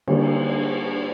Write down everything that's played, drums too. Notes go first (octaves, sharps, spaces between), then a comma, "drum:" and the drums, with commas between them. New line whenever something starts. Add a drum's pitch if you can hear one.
D3 G3 A#3, drum: cymbal